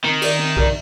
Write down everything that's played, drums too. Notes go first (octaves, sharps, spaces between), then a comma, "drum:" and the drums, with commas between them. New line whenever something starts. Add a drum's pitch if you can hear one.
D#3 C4
G4 A#4 D5, drum: cymbal
C4
G4 A#4 D5, drum: kick